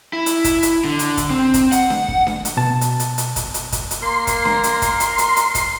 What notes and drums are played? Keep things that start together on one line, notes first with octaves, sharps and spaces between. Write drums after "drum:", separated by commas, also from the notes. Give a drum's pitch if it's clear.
E4
drum: hi-hat
drum: kick, hi-hat
drum: hi-hat
D3
drum: hi-hat
drum: kick, hi-hat
C4
drum: kick, hi-hat
F#5, drum: hi-hat
drum: snare D4
drum: kick
drum: snare D4
drum: hi-hat
B2 A5
drum: hi-hat
drum: hi-hat
drum: hi-hat
drum: kick, hi-hat
drum: hi-hat
drum: kick, hi-hat
drum: hi-hat
A#3 A#4 C6
drum: kick, hi-hat
drum: snare D4
drum: hi-hat
drum: kick, hi-hat
drum: hi-hat
drum: hi-hat
drum: hi-hat
drum: kick, hi-hat